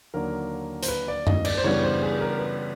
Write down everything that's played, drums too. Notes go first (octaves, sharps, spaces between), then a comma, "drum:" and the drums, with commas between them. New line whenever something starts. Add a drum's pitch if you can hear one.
D#2 D3 F#3 A#3 D4 A#4
C5, drum: hi-hat
B4
D5
D#5, drum: tom F#2
D5, drum: cymbal
C5
C#3 E3 G3 B3 D4 C#5
C5
G#4
A#4
B4